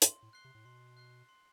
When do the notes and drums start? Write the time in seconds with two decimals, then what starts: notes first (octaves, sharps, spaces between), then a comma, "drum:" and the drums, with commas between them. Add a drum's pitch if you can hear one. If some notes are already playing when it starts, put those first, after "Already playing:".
0.02 G2 C6, drum: hi-hat
0.22 A2
0.33 F#6 C7 G7
0.45 C3
0.55 A2
0.65 B2 C6
0.97 F#6 C7 G7
1.29 C6